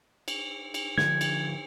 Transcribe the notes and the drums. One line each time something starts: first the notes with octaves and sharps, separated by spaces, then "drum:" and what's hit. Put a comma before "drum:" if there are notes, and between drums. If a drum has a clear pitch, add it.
drum: cymbal
drum: cymbal
D3 F3 G#6, drum: snare
drum: cymbal